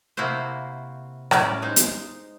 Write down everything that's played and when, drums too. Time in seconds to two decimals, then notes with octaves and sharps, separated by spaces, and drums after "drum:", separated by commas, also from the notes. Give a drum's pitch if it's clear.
0.17 C3 A#3 E4 F#4 C5
1.31 A2 G3 C#4 D5 E5, drum: rim click
1.62 G#3 D#4 C5
1.76 drum: hi-hat